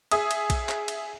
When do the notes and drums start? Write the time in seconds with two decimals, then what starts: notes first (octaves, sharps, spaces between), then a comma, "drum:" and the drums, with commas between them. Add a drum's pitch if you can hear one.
0.11 G#4 E5 D#6, drum: cymbal
0.31 drum: cymbal
0.50 drum: kick A#1, cymbal
0.69 drum: clap
0.88 drum: cymbal